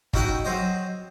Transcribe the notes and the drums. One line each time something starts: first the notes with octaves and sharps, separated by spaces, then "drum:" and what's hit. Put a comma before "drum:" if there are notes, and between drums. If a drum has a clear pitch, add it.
C#4 D#4 E4 F#4 F#5 G5, drum: kick
F#3 C4 C5 D#5